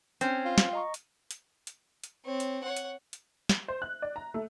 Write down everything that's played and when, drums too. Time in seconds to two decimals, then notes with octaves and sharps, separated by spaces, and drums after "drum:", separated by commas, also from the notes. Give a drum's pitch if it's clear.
0.21 C4 C#4 G5 C7, drum: hi-hat
0.45 F4
0.58 drum: snare
0.73 D#5 A#5 C#6
0.94 drum: hi-hat
1.31 drum: hi-hat
1.67 drum: hi-hat
2.04 drum: hi-hat
2.26 C4 C#5
2.40 drum: hi-hat
2.64 C#5 F#5
2.76 drum: hi-hat
3.13 drum: hi-hat
3.49 drum: snare
3.68 C5
3.82 F#6
4.02 D5
4.16 A#5
4.34 A3